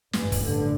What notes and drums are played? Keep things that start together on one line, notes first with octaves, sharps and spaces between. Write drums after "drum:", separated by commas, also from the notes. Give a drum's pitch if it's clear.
A1 G2 E3, drum: snare
drum: kick, open hi-hat
D3